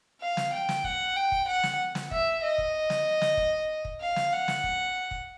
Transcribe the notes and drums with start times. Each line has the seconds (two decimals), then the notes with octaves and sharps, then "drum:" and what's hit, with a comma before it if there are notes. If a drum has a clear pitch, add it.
0.21 F5
0.37 drum: snare
0.53 G5
0.69 drum: snare
0.84 F#5, drum: kick
1.16 G5
1.32 drum: kick
1.48 F#5
1.63 drum: snare
1.95 drum: snare
2.11 E5, drum: kick
2.43 D#5
2.58 drum: kick
2.90 drum: snare
3.21 drum: snare
3.37 drum: kick
3.85 drum: kick
4.01 F5
4.16 drum: snare
4.33 F#5
4.48 drum: snare
4.64 drum: kick
5.11 drum: kick